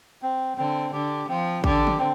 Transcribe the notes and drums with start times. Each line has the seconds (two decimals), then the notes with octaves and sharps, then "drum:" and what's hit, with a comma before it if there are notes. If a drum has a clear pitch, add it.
0.22 C4
0.57 D3 C4
0.93 D3 G4
1.28 F3 C4
1.64 D3 G4, drum: kick A1
1.87 drum: tom
1.99 C4